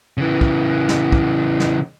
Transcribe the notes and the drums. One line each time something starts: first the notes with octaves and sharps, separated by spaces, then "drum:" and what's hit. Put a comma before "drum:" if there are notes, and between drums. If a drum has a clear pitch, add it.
C#3 E3
drum: kick
drum: snare
drum: kick
drum: snare